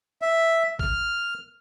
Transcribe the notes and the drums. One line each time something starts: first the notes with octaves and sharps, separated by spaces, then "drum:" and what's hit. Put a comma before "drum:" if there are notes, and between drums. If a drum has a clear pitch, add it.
E5
F6, drum: kick A1